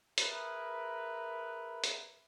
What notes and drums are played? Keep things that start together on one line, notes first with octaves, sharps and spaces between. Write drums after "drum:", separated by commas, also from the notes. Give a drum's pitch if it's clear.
G#4 A#4 B4 E5, drum: hi-hat
drum: hi-hat